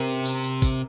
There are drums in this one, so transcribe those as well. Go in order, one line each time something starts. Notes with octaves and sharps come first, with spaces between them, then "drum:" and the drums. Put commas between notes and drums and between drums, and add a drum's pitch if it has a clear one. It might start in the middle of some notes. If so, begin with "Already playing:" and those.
Already playing: C3 A#4
drum: tambourine
drum: tambourine
drum: kick, tambourine